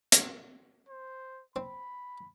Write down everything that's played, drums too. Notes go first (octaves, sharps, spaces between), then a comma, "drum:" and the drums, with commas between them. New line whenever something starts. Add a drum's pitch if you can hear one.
drum: hi-hat
C5
C4 B5